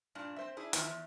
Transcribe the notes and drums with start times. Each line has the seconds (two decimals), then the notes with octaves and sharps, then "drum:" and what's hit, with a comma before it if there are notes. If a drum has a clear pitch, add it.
0.15 G2 A#2 D4
0.36 C4 C5 E5
0.57 D4 E4 G#4
0.73 D#3 F3 A#3 E4, drum: hi-hat
0.87 E2